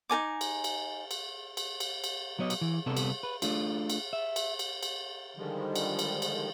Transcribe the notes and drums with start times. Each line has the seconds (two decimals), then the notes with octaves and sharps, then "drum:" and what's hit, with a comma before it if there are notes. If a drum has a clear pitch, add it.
0.09 D#4 A#4 G#5 D6
0.41 drum: cymbal
0.64 drum: cymbal
1.11 drum: cymbal
1.57 drum: cymbal
1.80 drum: cymbal
2.04 drum: cymbal
2.39 F#3 B3 C#5 D#5
2.50 drum: cymbal
2.61 E3
2.86 C2 C3 G3 B3 A4
2.97 drum: cymbal
3.23 B4
3.42 A3 D4 F4, drum: cymbal
3.90 drum: cymbal
4.13 E5
4.36 drum: cymbal
4.59 drum: cymbal
4.83 drum: cymbal
5.37 D3 D#3 F3 G3 G#3
5.76 drum: cymbal
5.99 drum: cymbal
6.22 drum: cymbal